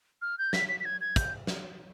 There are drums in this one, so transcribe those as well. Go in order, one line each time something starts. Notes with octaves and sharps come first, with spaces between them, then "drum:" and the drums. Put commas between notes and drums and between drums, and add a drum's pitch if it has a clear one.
F6
G6
B6, drum: snare
B6
B6
G#6
G#6
G6, drum: kick, hi-hat
drum: snare